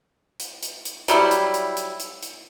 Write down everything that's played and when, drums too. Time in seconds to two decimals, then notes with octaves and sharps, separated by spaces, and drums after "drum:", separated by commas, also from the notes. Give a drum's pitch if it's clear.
0.40 drum: hi-hat
0.63 drum: hi-hat
0.85 drum: hi-hat
1.08 F#3 G3 E4, drum: hi-hat
1.31 drum: hi-hat
1.54 drum: hi-hat
1.77 drum: hi-hat
2.00 drum: hi-hat
2.23 drum: hi-hat